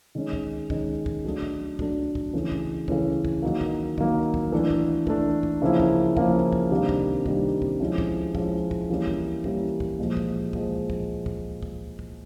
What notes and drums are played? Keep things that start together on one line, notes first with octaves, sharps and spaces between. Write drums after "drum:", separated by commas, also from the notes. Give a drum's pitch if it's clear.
D#3 G#3 C#4
drum: kick
D#3 G#3 C#4, drum: kick
drum: kick
F#3 A3 D4
drum: kick
F#3 A3 D4, drum: kick
drum: kick
C#3 E3 A3 C#4
drum: kick
C#3 E3 A3 C#4, drum: kick
drum: kick
D#3 F#3 A#3
drum: kick
D#3 F#3 A#3, drum: kick
drum: kick
E3 A3 D4
drum: kick
E3 A3 D4, drum: kick
drum: kick
C#3 F3 A#3 C#4 E4
drum: kick
C#3 F3 A#3 C#4 E4, drum: kick
drum: kick
C3 D#3 G3 A#3 D4
drum: kick
C3 D#3 G3 A#3 D4, drum: kick
drum: kick
F3 G#3 C#4 E4
drum: kick
F3 G#3 C#4 E4, drum: kick
drum: kick
E3 G3 A#3 C#4 E4
drum: kick
E3 G3 A#3 C#4 E4, drum: kick
drum: kick
A#2 F3 G#3
drum: kick
A#2 F3 G#3, drum: kick
drum: kick
drum: kick
drum: kick
drum: kick